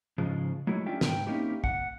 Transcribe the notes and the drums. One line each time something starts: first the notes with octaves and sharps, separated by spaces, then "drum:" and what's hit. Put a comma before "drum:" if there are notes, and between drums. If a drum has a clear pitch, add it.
G#2 C#3 F3 G#3
F#3 G#3 A3 E4
C#4 D4 F4 G4 E5 G5
G#2 G5, drum: snare
A#3 C4 C#4 D#4 E4 G4
F#5, drum: kick